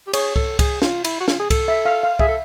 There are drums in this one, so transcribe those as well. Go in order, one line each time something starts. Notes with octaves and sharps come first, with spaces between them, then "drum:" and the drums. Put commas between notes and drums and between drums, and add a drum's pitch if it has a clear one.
G4
G#4 C#5, drum: cymbal
A4, drum: kick C2
G#4, drum: kick C2, cymbal
F4, drum: snare
E4, drum: cymbal
F#4
F4, drum: snare
G#4
A4, drum: kick C2, cymbal
E5
F5
F5
G#4 E5, drum: kick C2
A4